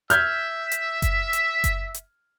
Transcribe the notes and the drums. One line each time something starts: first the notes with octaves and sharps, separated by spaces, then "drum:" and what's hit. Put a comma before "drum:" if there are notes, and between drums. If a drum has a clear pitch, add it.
E5 F6 G6 G#6, drum: hi-hat
drum: hi-hat
drum: kick F#1, hi-hat
drum: hi-hat
drum: kick F#1, hi-hat
drum: hi-hat